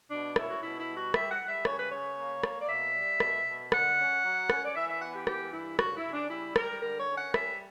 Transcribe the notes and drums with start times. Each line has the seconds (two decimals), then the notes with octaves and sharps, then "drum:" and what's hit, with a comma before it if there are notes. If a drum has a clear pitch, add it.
0.10 B2 D4
0.36 C#4 E4, drum: rim click
0.50 F#4
0.62 B2 E4
0.80 E4
0.88 G3
0.97 F#4
1.14 G3 E5, drum: rim click
1.31 F#5
1.40 G3
1.48 E5
1.65 C#3 C#5, drum: rim click
1.79 B4
1.91 C#3 C#5
2.17 A#3
2.43 A#3, drum: rim click
2.61 D5
2.68 B2 E5
2.95 G3
3.20 B2, drum: rim click
3.46 B2
3.72 D3 F#5, drum: rim click
3.98 C#4
4.24 F#3
4.50 C#4, drum: rim click
4.65 D5
4.76 E3 E5
4.89 E5
5.01 B3 F#5
5.15 G4
5.27 E3 G4, drum: rim click
5.53 G2 E4
5.79 C#3 F#4, drum: rim click
5.96 E4
6.05 C#3
6.13 D4
6.30 G3 E4
6.56 G3 A#4, drum: rim click
6.82 D3 A#4
6.99 C#5
7.07 C#4
7.16 F#5
7.34 G3 E5, drum: rim click